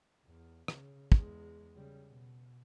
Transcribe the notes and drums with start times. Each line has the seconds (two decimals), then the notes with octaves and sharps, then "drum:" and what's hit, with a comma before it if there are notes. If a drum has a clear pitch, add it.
0.25 E2
0.68 C#3, drum: rim click
1.12 E2 G#3, drum: kick
1.76 C#3 G3
2.08 B2